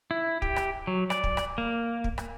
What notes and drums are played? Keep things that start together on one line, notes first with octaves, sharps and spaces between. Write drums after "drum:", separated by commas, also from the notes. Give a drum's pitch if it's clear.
E4
G4, drum: kick
drum: rim click
F#3
D5, drum: rim click
drum: kick
drum: rim click
A#3
drum: kick
drum: rim click